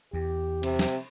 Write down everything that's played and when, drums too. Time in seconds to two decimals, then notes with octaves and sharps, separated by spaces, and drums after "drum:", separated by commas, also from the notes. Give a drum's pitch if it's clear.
0.13 E2 G4
0.63 C3, drum: cymbal
0.79 drum: snare